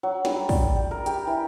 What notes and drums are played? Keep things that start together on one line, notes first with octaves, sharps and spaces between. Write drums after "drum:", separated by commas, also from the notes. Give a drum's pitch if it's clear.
F#3
G3, drum: snare
D5, drum: kick, open hi-hat
G4
A#4
G4, drum: hi-hat
E3